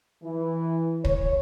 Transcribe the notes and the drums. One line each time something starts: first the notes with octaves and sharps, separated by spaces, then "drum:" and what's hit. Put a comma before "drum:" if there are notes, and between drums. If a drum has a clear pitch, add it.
E3
C#5, drum: kick